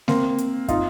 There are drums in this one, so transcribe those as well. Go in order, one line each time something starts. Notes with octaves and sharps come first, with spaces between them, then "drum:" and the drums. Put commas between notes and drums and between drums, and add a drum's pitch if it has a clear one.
A#3 C4, drum: snare G#3
drum: hi-hat
D#4 F4, drum: kick, hi-hat